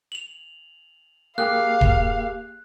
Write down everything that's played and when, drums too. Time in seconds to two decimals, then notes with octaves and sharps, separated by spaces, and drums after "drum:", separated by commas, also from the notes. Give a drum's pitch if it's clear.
0.12 F7 F#7
1.38 A#3 G4 G#4 F5 F#6
1.81 drum: kick D#1